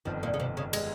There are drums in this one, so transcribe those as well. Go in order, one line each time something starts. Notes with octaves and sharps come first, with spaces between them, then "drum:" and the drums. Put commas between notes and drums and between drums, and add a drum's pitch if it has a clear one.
G1 F2 D#3 F3
A#2
C#3
C3
C#3
G#3, drum: cymbal